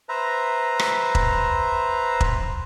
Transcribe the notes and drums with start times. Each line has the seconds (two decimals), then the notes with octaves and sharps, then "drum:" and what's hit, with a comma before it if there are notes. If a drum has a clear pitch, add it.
0.09 B4 C5 E5 A#5
0.79 drum: rim click
1.15 drum: kick E1
2.21 drum: kick E1